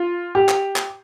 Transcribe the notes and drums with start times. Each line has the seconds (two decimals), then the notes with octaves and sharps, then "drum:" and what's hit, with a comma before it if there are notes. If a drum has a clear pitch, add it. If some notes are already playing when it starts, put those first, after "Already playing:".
Already playing: F4
0.35 G4
0.49 drum: clap
0.76 drum: clap